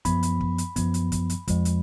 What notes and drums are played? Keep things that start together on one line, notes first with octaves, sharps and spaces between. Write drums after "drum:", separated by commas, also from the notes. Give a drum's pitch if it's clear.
F#2 F3 B3 B5, drum: kick, hi-hat
drum: hi-hat
drum: kick
drum: hi-hat
F#2 F3 B3, drum: kick, hi-hat
drum: hi-hat
drum: kick, hi-hat
drum: hi-hat
F2 F3 G#3, drum: kick, hi-hat
drum: hi-hat